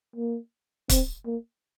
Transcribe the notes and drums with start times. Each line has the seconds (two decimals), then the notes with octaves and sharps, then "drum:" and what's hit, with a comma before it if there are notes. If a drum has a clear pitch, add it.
0.16 A#3
0.89 C4, drum: kick, hi-hat
1.26 A#3